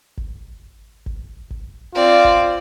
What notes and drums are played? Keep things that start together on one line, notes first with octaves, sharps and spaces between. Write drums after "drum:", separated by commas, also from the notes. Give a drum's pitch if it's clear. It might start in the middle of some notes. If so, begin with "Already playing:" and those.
drum: kick G1
drum: kick G1
drum: kick G1
C4 F4 D5
drum: kick G1